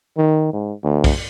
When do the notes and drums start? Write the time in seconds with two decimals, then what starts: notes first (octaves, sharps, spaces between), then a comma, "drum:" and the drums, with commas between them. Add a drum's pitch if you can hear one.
0.17 D#3
0.53 G#2
0.84 D2
1.04 drum: kick B1, open hi-hat